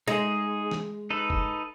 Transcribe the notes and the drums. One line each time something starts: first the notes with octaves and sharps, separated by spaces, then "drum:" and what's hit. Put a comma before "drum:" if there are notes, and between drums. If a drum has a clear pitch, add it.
G#3 D#4 G#4
drum: snare
D#4 A4 B4
drum: kick